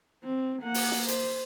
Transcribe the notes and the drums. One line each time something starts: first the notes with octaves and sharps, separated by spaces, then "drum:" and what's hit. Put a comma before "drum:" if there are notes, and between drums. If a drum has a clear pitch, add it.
C4
A#3 F#5
drum: open hi-hat
drum: snare
C5, drum: hi-hat